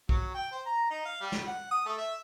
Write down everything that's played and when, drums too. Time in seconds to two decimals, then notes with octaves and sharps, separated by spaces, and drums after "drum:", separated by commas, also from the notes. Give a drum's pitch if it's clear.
0.09 F#3, drum: kick
0.34 G5
0.52 C5
0.66 A#5
0.90 D#4
1.05 F5
1.21 G3
1.32 drum: snare
1.47 F#5
1.71 D#6
1.86 A3
1.98 E5